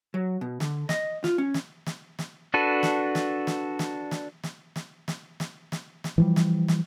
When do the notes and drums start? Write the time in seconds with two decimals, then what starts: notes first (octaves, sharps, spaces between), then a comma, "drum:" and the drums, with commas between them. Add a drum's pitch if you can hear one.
0.14 F#3
0.41 B2
0.60 D3, drum: snare
0.89 D#5, drum: snare
1.24 F4, drum: snare
1.38 C#4
1.54 drum: snare
1.86 drum: snare
2.19 drum: snare
2.54 D4 F#4 A4 B4
2.83 drum: snare
3.15 drum: snare
3.47 drum: snare
3.79 drum: snare
4.11 drum: snare
4.43 drum: snare
4.76 drum: snare
5.08 drum: snare
5.40 drum: snare
5.72 drum: snare
6.04 drum: snare
6.18 E3 F3 G3
6.36 drum: snare
6.68 drum: snare